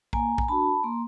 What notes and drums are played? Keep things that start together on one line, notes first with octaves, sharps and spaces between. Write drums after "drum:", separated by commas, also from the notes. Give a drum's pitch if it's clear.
A#3 G#5 A#5, drum: kick A#1
drum: kick A#1
D4 F#4 A5 B5
A#3 A#5 C6